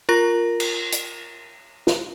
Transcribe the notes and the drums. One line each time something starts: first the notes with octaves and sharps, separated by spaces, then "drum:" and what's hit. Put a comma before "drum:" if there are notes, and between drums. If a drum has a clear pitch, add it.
F4 A#4 A#5 A#6
drum: cymbal
drum: hi-hat
drum: snare